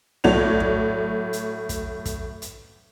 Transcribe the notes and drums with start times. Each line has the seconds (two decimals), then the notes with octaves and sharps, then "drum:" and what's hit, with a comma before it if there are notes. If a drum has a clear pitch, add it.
0.24 A2 F#3 C#5 D5 F7, drum: tom B1
0.60 drum: kick
1.33 drum: hi-hat
1.69 drum: kick, hi-hat
2.05 drum: kick, hi-hat
2.42 drum: hi-hat